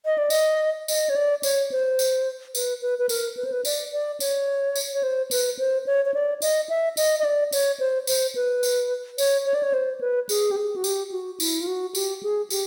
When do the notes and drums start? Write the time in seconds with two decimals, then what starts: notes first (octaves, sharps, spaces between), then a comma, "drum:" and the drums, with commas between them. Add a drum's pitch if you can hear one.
0.05 D#5
0.18 D5
0.30 D#5, drum: tambourine
0.88 D#5, drum: tambourine
1.09 C#5
1.16 D5
1.43 C#5, drum: tambourine
1.72 C5
1.99 drum: tambourine
2.55 B4, drum: tambourine
2.82 B4
2.99 B4
3.09 A#4, drum: tambourine
3.37 B4
3.44 C5
3.52 B4
3.65 D5, drum: tambourine
3.92 D5
4.20 C#5, drum: tambourine
4.76 drum: tambourine
4.93 C#5
5.03 C5
5.31 B4, drum: tambourine
5.59 C5
5.86 C#5
6.06 C#5
6.14 D5
6.42 D#5, drum: tambourine
6.69 E5
6.97 D#5, drum: tambourine
7.19 D#5
7.24 D5
7.52 C#5, drum: tambourine
7.80 C5
8.07 C5, drum: tambourine
8.35 B4
8.63 drum: tambourine
9.18 C#5, drum: tambourine
9.46 C#5
9.54 D5
9.63 C#5
9.73 C5
10.01 B4
10.29 G#4, drum: tambourine
10.51 G4
10.56 G#4
10.76 F#4
10.84 G4, drum: tambourine
11.12 F#4
11.40 E4, drum: tambourine
11.61 F4
11.67 F#4
11.95 G4, drum: tambourine
12.23 G#4
12.50 G4, drum: tambourine